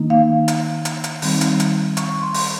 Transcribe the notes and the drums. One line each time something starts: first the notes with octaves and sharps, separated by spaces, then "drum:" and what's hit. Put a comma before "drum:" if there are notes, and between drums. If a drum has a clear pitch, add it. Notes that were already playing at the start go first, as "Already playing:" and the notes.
Already playing: D#3 A#3 D#4
F5
drum: hi-hat
drum: hi-hat
drum: hi-hat
D#3 G3 C4 D#4, drum: open hi-hat
drum: hi-hat
drum: hi-hat
C#6, drum: hi-hat
C6
drum: open hi-hat